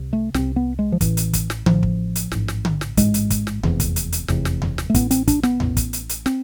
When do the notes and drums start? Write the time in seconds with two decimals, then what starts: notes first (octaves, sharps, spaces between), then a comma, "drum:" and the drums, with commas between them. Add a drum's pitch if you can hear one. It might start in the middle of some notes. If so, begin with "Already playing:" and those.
Already playing: C2 C3
0.13 A3
0.34 C2 C3 C4, drum: snare
0.56 B3
0.79 G#3
0.92 F3
1.01 A1 A2 E3, drum: kick, hi-hat
1.17 drum: hi-hat
1.33 drum: kick, hi-hat
1.50 drum: snare
1.66 A1 A2 F3, drum: tom D3
1.83 drum: kick
2.15 drum: hi-hat
2.32 A1 G#2, drum: snare
2.48 drum: snare
2.65 drum: tom D3
2.81 drum: snare
2.97 A1 G#2 G#3, drum: kick, hi-hat
3.14 drum: hi-hat
3.30 drum: kick, hi-hat
3.47 drum: snare
3.63 F1 E2 C3, drum: tom D#2
3.80 drum: kick, hi-hat
3.96 drum: hi-hat
4.12 drum: hi-hat
4.28 F1 E2 C3, drum: snare
4.45 drum: snare
4.62 drum: tom D#2
4.78 drum: snare
4.90 A3
4.94 A1 A2 B3, drum: kick, hi-hat
5.11 C4, drum: hi-hat
5.28 D4, drum: kick, hi-hat
5.43 B3, drum: snare
5.60 A1 A2, drum: tom D#2
5.77 drum: kick, hi-hat
5.93 drum: hi-hat
6.09 drum: hi-hat
6.26 C4, drum: snare